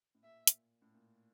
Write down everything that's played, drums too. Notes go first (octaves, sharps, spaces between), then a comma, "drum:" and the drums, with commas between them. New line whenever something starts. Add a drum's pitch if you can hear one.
A2
A#2 E5
drum: hi-hat
A2
A#2